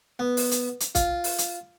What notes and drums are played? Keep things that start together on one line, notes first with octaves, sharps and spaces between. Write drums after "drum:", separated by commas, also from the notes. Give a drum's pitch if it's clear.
B3
drum: open hi-hat
drum: hi-hat
drum: hi-hat
F4, drum: kick, hi-hat
drum: open hi-hat
drum: hi-hat